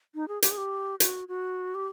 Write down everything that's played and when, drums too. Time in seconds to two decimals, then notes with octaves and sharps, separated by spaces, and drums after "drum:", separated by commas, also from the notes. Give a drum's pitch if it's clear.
0.15 D#4
0.28 G#4
0.42 G4, drum: hi-hat
0.51 G#4
0.57 G4
1.00 F#4, drum: hi-hat
1.28 F#4
1.75 G4